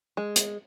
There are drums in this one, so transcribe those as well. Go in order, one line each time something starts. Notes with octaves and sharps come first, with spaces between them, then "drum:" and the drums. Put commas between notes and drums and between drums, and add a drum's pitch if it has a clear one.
G#3
drum: hi-hat